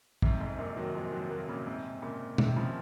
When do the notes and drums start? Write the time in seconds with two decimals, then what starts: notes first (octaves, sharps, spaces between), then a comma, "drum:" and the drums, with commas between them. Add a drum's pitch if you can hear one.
0.22 G#2 C3, drum: kick
0.40 F2 G#2
0.59 F#2 A#2
0.77 D#3 F#3
0.95 F3 G#3
1.12 D#3 F#3
1.31 F#3 A#3
1.48 A#2 C#3
1.67 G#2 C3
2.02 A#2 C#3
2.38 C3 D#3, drum: tom B2
2.56 C#3 F3